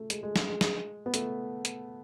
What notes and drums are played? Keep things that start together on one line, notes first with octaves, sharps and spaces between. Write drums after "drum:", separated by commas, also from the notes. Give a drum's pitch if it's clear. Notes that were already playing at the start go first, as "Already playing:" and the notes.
Already playing: A3
G#3, drum: hi-hat
G#3
G#3, drum: snare
G#3
G#3, drum: snare
B3
A3, drum: hi-hat
drum: hi-hat